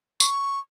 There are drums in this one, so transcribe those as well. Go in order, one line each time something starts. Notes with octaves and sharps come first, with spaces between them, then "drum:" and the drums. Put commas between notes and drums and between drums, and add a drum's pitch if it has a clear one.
C#6, drum: tambourine